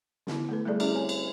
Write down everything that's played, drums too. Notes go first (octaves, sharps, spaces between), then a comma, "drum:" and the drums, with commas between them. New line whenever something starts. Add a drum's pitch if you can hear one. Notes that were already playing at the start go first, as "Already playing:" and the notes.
D3 B3 E4, drum: snare
A3 A4 B4
G3 A3 G#4 A4 D5
C#4 E4 G4 G#4 D5 E5, drum: cymbal
C4 C#5 G#5
drum: cymbal